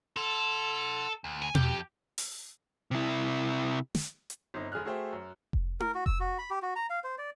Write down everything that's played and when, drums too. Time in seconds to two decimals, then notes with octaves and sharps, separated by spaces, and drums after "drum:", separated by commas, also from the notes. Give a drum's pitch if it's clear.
0.17 A4 F#5 C6
1.24 D2
1.42 G#5
1.55 F2 G4, drum: tom B2
2.18 drum: open hi-hat
2.91 C3 E4
3.95 drum: snare
4.30 drum: hi-hat
4.54 G1 C4 D#4
4.72 F1 G#4 G#5 F6 F#6
4.85 A3 F#4 G#4 C5 E5 G5
5.13 F#2
5.53 drum: kick F1
5.80 A#4, drum: tom E4
5.94 F#4
6.06 E6, drum: kick F1
6.20 F#4
6.38 B5
6.50 G4
6.62 F#4
6.76 A#5
6.90 F5
7.04 C5
7.18 D5